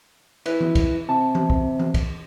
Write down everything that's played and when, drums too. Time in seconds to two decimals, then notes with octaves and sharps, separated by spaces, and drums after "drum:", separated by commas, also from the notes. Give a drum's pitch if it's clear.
0.46 E4 B4, drum: cymbal
0.61 drum: tom E3
0.75 drum: kick, cymbal
1.09 C3 A5
1.35 drum: tom E3
1.50 drum: kick
1.79 drum: tom E3
1.94 drum: kick, cymbal